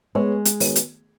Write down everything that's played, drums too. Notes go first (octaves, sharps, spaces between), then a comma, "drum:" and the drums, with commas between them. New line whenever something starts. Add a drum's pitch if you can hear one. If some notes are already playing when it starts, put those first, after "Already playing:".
G#3 B3 G#4 C#5
drum: hi-hat
D#3 B3 F#4 C#5, drum: open hi-hat
drum: hi-hat